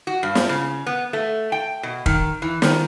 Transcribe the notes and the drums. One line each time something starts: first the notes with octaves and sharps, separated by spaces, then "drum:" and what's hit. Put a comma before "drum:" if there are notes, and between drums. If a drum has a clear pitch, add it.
F#4
G2
drum: snare
C#3
B3
A3
G5
B2
D#3, drum: kick
E3
D#3, drum: snare